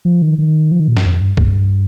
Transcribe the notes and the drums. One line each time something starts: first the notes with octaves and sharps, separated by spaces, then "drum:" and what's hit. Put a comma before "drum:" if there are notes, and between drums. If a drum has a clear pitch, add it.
F3
D#3
D#3
F3
D#3
A#2
G2, drum: snare
F2
G2
G2, drum: kick